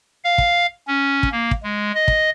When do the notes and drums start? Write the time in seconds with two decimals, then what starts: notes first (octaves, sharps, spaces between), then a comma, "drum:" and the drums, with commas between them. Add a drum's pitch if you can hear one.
0.24 F5
0.38 drum: kick
0.88 C#4
1.23 drum: kick
1.32 A#3
1.51 drum: kick
1.63 G#3
1.95 D#5
2.08 drum: kick